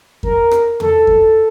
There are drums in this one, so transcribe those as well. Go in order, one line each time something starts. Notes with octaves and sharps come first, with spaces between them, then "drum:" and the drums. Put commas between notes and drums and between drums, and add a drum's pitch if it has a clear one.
A#4, drum: kick F2
drum: rim click
A4, drum: tom
drum: kick F2